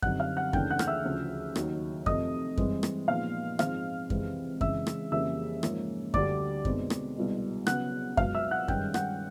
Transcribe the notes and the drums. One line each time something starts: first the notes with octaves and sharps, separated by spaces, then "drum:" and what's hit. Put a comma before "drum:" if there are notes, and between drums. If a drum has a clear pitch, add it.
F#2 D3 G3 C4 D#4 F#5 F#6, drum: kick F#2
F5 F6
F#5 F#6
D#2 C#3 E3 A3 D4 G5 G6, drum: kick F#2
F#5 F#6
F6, drum: rim click
E5 E6
D2 C#3 F3
D#2 D#3 F#3, drum: rim click
C3 F3 A3 D#5 D#6, drum: kick F#2
G2 E3 G#3 C4, drum: kick F#2
drum: rim click
A#2 F3 G#3 B3 D#4 F5 F6
G#2 F3 G#3 C4 F5 F6, drum: rim click
C#2 C3 E3 G#3 C4, drum: kick F#2
C#3 E3 G#3 E5 E6, drum: kick F#2
drum: rim click
F2 C#3 E3 G3 A#3 E5 E6
G#2 F3 A#3 C#4, drum: rim click
D2 D3 G3 D5 D6, drum: kick F#2
B2 G#3 C4 D#4, drum: kick F#2
drum: rim click
C2 B2 G#3
C#3 F#3 B3 F#5 F#6, drum: rim click
C#2 B2 F#3 B3 F5 F6, drum: kick F#2
E5 E6
F#5 F#6
G2 D#3 G#3 C#4 G5 G6, drum: kick F#2
F#5 F#6, drum: rim click